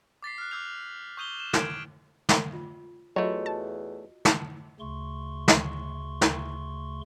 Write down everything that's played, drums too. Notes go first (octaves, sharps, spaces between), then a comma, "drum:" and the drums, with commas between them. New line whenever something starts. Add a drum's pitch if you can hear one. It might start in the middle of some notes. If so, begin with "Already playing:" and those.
D6 A6 B6 C7
F6 F#6
D6 E6 G6 F7
C#6 D#6 G6 D#7 F7 G7
E7
G#6 D7, drum: snare
drum: snare
F4
E2 F#3 A3 F4 F#4 C#5 D#5
A5
drum: snare
D2 C#3 A3 C6 C#6
drum: snare
drum: snare